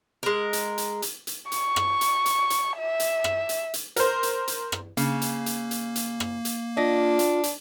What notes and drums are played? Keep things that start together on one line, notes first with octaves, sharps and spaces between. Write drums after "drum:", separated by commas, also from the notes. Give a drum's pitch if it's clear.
G#3 A#4
drum: hi-hat
drum: hi-hat
drum: hi-hat
drum: hi-hat
C#6, drum: hi-hat
drum: rim click
drum: hi-hat
drum: hi-hat
drum: hi-hat
E5
drum: hi-hat
drum: rim click
drum: hi-hat
drum: hi-hat
A#4 C5, drum: hi-hat
drum: hi-hat
drum: hi-hat
drum: rim click
C#3 A#3, drum: hi-hat
drum: hi-hat
drum: hi-hat
drum: hi-hat
drum: hi-hat
drum: rim click
drum: hi-hat
D4 F4 D#5
drum: hi-hat
drum: hi-hat